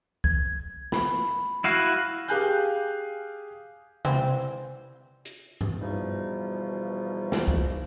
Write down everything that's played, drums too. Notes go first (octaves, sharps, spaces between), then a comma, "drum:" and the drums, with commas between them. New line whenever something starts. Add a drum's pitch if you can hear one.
G#6, drum: kick
B5, drum: snare
E4 F#4 F5 F#6 A#6 D#7
G4 G#4 F5 G#5 F#6 G6
E3 G3 C4, drum: tom C3
drum: hi-hat
drum: tom G2
E2 B2 F3 G3 D#4
drum: snare
drum: kick